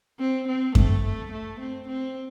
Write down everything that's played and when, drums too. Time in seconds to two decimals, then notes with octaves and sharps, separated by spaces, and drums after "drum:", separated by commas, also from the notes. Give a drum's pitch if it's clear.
0.19 C4
0.47 C4
0.75 A3, drum: kick F#2
1.04 A3
1.31 A3
1.59 C4
1.88 C4